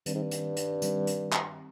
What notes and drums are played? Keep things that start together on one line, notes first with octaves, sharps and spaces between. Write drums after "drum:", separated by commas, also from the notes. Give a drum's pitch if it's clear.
G2 D#3 G3 C4, drum: hi-hat
G#2
G2
drum: hi-hat
drum: hi-hat
D#3 G3 C4, drum: hi-hat
drum: hi-hat
drum: clap